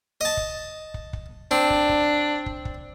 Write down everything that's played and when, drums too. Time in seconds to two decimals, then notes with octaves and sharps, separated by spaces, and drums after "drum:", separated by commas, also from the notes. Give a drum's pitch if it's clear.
0.21 D#5 A5
0.37 drum: kick
0.94 drum: kick
1.13 drum: kick
1.51 C4 D4
1.70 drum: kick
1.89 drum: kick
2.46 drum: kick
2.65 drum: kick